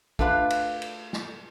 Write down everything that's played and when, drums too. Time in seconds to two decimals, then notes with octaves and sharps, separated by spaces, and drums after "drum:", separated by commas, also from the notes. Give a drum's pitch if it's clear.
0.19 A3 D4 F4 B4 F5, drum: kick
0.50 drum: cymbal
0.82 drum: cymbal
1.13 drum: snare